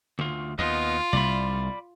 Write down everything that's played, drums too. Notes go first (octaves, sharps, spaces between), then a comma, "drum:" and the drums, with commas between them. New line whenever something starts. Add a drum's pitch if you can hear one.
D2 F4, drum: tom D3
D#2 B3 F4 D#5
C2 D5 B5, drum: tom C3